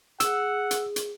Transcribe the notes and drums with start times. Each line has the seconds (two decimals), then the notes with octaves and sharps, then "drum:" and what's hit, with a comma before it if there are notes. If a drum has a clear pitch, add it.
0.20 G#4 F#5 E6, drum: hi-hat
0.71 drum: hi-hat
0.96 drum: hi-hat